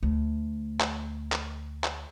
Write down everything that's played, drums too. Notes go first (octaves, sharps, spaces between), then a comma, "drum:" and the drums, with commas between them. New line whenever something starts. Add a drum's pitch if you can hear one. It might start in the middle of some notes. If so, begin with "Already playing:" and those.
D2 A3
drum: clap
drum: clap
drum: clap